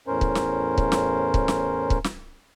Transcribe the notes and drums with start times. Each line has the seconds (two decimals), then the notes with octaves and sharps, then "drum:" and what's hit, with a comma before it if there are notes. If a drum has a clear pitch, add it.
0.07 E2 A2 C#4 A#4 C5
0.21 drum: kick C#1
0.35 drum: snare
0.78 drum: kick C#1
0.92 drum: snare
1.34 drum: kick C#1
1.48 drum: snare
1.90 drum: kick C#1
2.04 drum: snare